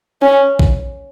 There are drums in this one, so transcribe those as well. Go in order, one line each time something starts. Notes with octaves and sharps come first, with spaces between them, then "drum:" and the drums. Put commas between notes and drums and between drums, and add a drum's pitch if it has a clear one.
C#4
drum: kick A#1